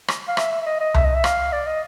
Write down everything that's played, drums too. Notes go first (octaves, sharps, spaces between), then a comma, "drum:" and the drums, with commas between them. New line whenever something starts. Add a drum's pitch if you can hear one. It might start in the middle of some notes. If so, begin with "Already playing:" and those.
drum: rim click
F5
E5, drum: rim click
E5
E5
D#5
D#5
E5, drum: tom C2
D#5
E5
F5, drum: rim click
D5
D#5